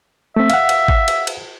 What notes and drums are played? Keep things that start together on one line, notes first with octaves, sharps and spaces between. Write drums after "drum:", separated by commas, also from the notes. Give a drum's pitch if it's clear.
A3 C4 E5
F5 F#5, drum: cymbal
drum: cymbal
drum: kick
drum: cymbal
drum: cymbal